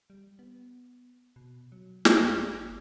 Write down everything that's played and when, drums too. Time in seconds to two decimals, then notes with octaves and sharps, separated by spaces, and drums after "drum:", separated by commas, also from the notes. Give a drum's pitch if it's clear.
0.10 G3
0.39 B3
1.36 B2
1.72 F#3
2.05 drum: snare
2.18 F2
2.54 G1